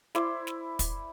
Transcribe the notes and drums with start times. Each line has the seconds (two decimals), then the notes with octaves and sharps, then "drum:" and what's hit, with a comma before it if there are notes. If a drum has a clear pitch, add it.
0.15 E4 C5 D5, drum: snare
0.47 drum: snare
0.79 drum: kick, hi-hat